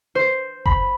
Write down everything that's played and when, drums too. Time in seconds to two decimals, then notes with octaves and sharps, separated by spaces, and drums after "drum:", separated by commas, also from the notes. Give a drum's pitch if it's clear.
0.15 C5
0.66 B5, drum: kick F#1